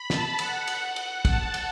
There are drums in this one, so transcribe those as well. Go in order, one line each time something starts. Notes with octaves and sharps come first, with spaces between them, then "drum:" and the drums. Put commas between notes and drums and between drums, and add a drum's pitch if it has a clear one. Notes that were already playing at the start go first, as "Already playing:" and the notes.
Already playing: B5
A5, drum: snare
F#5, drum: cymbal
drum: cymbal
drum: cymbal
A5, drum: kick, cymbal
drum: cymbal